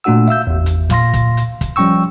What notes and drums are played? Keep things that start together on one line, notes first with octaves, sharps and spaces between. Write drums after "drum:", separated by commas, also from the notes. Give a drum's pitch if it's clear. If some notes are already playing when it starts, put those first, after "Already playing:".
A#2 A3 D4 F#4 F#5 E6
E5 F5 E6 G6
G#1 E2
drum: hi-hat
A#2 F5 C6 A#6, drum: snare
drum: kick, hi-hat
drum: hi-hat
drum: kick, hi-hat
F3 G3 C#4 G5 C#6 E6